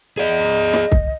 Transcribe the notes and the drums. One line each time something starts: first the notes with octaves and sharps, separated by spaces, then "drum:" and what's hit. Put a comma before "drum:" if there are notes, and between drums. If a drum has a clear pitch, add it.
G#4 D5 D#5
drum: snare
drum: kick C2